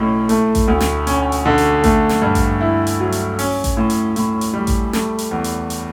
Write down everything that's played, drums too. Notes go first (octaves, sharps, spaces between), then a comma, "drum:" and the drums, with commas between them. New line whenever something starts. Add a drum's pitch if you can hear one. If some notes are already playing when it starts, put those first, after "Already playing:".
Already playing: B1 A2 C#4
A3, drum: hi-hat
drum: kick A1, hi-hat
D2
drum: snare
C#4, drum: hi-hat
drum: hi-hat
D3
drum: hi-hat
A3, drum: kick A1, hi-hat
drum: snare
G2
drum: kick A1, hi-hat
E4
drum: hi-hat
F#3
drum: hi-hat
C#4, drum: open hi-hat
drum: kick A1, hi-hat
A2
drum: hi-hat
A2, drum: hi-hat
drum: hi-hat
G3
drum: kick A1, hi-hat
A3, drum: snare
drum: hi-hat
E2
drum: hi-hat
drum: hi-hat